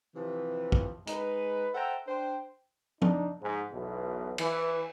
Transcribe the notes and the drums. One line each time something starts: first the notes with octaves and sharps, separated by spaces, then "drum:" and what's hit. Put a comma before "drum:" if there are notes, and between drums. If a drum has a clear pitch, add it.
C3 E3 F3
drum: kick
G#3 D#4 B4, drum: hi-hat
A4 C5 E5 F#5 G5 A#5
D4 C5 G5
D4 D#4, drum: tom
G#2
B1 E2 B2
E3, drum: cymbal